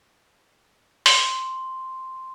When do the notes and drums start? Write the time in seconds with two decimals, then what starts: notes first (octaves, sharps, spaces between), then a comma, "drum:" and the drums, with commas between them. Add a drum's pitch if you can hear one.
1.06 C6, drum: open hi-hat